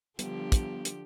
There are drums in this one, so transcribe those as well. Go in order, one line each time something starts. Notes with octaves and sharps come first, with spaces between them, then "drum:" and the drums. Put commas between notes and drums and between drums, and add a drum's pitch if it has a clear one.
D3 F3 G3 B3 G4, drum: hi-hat
drum: kick, hi-hat
drum: hi-hat